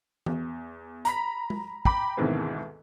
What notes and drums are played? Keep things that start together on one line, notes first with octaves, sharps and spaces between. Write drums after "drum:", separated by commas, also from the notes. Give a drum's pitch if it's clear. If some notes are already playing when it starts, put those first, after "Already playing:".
E2, drum: tom E3
A#5 B5 B6, drum: hi-hat
drum: tom G#3
G5 A#5 B5 D6, drum: kick
D2 G#2 B2 D#3 E3 C4